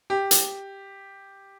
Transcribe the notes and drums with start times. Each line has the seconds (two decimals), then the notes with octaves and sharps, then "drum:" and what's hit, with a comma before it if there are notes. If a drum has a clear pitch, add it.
0.10 G4
0.31 drum: hi-hat